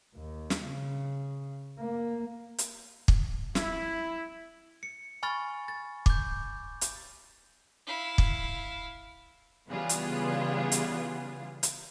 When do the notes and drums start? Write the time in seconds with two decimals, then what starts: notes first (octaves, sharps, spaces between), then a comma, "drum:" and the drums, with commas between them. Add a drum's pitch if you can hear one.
0.15 D#2
0.50 drum: snare
0.65 C#3
1.79 A#3
2.58 drum: hi-hat
3.08 drum: kick
3.55 E4, drum: snare
4.83 C#7
5.23 G#5 B5 C#6 F6 A6
5.68 A6
6.06 D6 G6, drum: kick
6.81 drum: hi-hat
7.86 E4 F5
8.18 drum: kick
9.68 C#3 E3 G3 B3 F4 G#4
9.89 drum: hi-hat
10.72 drum: hi-hat
11.63 drum: hi-hat